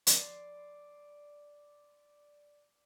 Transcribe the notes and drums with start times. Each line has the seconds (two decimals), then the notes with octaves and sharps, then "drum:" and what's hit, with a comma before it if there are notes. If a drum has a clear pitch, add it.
0.07 D5 C6, drum: hi-hat